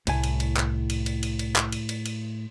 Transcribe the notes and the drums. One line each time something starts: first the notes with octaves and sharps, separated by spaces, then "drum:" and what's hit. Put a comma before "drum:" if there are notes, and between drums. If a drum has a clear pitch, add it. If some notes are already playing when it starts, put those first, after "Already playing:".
C2 A2 G#5, drum: cymbal
drum: cymbal
drum: cymbal
drum: clap
drum: cymbal
drum: cymbal
drum: cymbal
drum: cymbal
drum: clap
drum: cymbal
drum: cymbal
drum: cymbal